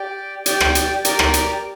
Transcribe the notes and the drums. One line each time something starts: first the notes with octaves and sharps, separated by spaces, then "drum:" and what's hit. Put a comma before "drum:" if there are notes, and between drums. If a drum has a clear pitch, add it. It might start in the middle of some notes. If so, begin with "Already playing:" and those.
Already playing: G4 D5 G5
G4 D5 G5, drum: hi-hat
drum: rim click
drum: hi-hat
G4 A#4 D5, drum: hi-hat
drum: rim click
drum: hi-hat